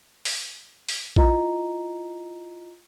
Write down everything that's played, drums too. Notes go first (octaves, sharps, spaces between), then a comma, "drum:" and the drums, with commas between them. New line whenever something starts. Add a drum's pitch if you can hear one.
drum: open hi-hat
drum: open hi-hat
E4 F4 D#5 A#5, drum: kick A#1